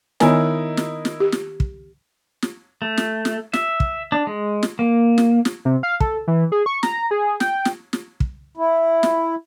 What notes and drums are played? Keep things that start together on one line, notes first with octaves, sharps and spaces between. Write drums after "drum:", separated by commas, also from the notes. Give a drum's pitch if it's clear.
D#3 B3 D#4 E4 A#4 G#5, drum: snare
drum: snare
drum: snare
G4
drum: snare
drum: kick
drum: snare
A3
drum: snare
drum: snare
E5, drum: snare
drum: kick
D4
G#3
drum: snare
A#3
drum: snare
drum: snare
C3
F5
A4, drum: kick
E3
G#4
C#6
A#5, drum: snare
G#4
G5, drum: snare
drum: snare
drum: snare
drum: kick
E4
drum: snare